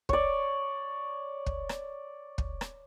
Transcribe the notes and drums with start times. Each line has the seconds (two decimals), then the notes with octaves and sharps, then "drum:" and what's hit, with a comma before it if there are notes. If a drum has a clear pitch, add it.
0.09 C#5 D5, drum: kick
1.46 drum: kick
1.69 drum: rim click
2.38 drum: kick
2.61 drum: rim click